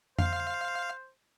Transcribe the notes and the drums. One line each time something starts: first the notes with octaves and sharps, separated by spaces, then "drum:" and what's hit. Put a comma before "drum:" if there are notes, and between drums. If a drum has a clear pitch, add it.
C5 F5, drum: tom F2